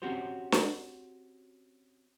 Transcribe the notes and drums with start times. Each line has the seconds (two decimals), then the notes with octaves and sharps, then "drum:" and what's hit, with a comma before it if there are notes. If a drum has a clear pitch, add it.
0.02 C4 C#4 F#4 G4 C5
0.52 drum: snare